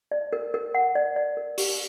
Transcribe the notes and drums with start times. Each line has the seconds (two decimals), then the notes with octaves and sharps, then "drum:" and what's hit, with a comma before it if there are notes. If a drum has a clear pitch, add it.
0.11 D5
0.33 A#4
0.54 A#4
0.74 F#5
0.95 D5
1.16 D5
1.37 A#4
1.58 G4, drum: open hi-hat